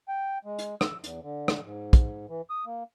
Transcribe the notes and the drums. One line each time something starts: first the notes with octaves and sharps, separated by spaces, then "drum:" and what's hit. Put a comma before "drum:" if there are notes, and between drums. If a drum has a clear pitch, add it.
G5
G#3
drum: hi-hat
E6, drum: rim click
E2, drum: hi-hat
D3
drum: rim click
G#2
drum: kick, hi-hat
E3
D#6
A#3